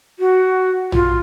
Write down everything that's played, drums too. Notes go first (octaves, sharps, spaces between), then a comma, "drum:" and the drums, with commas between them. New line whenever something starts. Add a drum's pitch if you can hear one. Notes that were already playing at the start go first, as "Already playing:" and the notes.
F#4
F4, drum: tom A#1